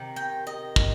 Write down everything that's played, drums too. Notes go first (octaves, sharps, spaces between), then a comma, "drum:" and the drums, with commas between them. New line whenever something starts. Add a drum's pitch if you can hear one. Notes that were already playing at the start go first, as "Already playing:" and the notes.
Already playing: C3 D#3
G5
D#5
drum: kick